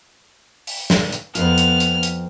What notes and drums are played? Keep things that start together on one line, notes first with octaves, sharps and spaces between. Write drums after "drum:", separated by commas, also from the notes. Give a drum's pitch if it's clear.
drum: open hi-hat
drum: snare
drum: hi-hat
F2 G#2 B3 F4 F6, drum: hi-hat
drum: hi-hat
drum: hi-hat
drum: hi-hat